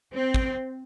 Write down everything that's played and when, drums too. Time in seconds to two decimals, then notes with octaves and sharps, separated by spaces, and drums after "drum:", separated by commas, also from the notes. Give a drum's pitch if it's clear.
0.12 C4
0.34 drum: kick